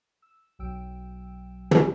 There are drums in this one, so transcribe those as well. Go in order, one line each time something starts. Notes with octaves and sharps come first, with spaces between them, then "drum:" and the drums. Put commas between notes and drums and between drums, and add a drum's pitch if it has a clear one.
E6
B1 F#3 G5 E6 D7
drum: tom